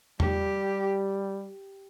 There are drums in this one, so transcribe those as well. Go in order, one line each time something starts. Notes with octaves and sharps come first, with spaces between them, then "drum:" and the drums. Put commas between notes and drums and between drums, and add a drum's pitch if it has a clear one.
G3 G4, drum: tom E2